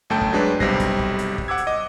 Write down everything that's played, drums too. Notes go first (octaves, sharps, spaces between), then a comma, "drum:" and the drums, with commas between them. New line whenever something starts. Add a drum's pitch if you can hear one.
G1 F#2 A3 G5 A5 G6
drum: kick
F#3 G#3 D4 B4
B1 C3 G3 C5 A#6 C7, drum: kick
drum: kick, hi-hat
drum: kick
drum: hi-hat
drum: kick
F#5 D6 E6 G#6
drum: hi-hat
D#5 D6